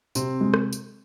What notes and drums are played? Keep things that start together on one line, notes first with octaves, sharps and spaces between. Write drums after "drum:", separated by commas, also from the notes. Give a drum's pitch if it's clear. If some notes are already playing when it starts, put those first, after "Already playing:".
C3 C4, drum: tambourine
G#3
drum: rim click
drum: tambourine